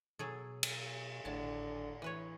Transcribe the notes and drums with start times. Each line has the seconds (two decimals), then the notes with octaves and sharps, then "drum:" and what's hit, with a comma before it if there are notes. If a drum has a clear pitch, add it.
0.19 B2 F#3 G#4 A4
0.63 drum: cymbal
1.25 G#1 A2 D3 A5
2.02 E3 B4 C#5